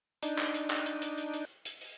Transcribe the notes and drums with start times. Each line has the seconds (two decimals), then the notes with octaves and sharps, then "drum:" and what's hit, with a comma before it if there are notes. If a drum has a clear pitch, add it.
0.23 D4 D#4, drum: hi-hat
0.38 drum: clap
0.54 drum: hi-hat
0.70 drum: clap
0.86 drum: hi-hat
1.02 drum: hi-hat
1.18 drum: hi-hat
1.34 drum: hi-hat
1.65 drum: hi-hat
1.81 drum: open hi-hat